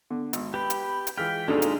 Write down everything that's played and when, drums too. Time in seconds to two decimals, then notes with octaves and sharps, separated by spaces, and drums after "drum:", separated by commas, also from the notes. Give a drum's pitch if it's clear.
0.10 D3 B3
0.33 G#1, drum: hi-hat
0.54 G4 B4 G5 B5
0.70 drum: hi-hat
1.07 drum: hi-hat
1.18 E3 G#3 F4 G5 F6 B6
1.48 D#2 B2 G#3 D4 D#4 F4 G#4 A4
1.62 drum: hi-hat